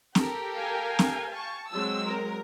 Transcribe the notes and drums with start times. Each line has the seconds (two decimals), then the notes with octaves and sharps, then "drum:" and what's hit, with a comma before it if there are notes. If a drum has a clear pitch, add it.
0.15 G4 A4 A#4, drum: snare C4
0.53 F5 G5 G#5
0.99 drum: snare C4
1.32 A5 C#6
1.72 F#3 G#3 C4 E6
2.06 A#4